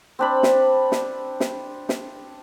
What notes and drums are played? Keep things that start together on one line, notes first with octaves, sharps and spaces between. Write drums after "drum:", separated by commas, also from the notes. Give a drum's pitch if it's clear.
C4 D4 B5
drum: snare
drum: snare
drum: snare
drum: snare